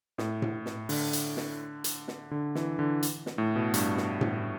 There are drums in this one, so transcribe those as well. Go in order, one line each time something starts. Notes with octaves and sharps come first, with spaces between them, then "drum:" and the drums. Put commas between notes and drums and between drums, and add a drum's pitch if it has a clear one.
A2, drum: snare
drum: tom A2
drum: snare
D3, drum: open hi-hat
drum: hi-hat
drum: snare
drum: hi-hat
drum: snare
D3
E3, drum: snare
D3
drum: hi-hat
drum: snare
A2
B2
G2, drum: hi-hat
drum: snare
drum: tom A2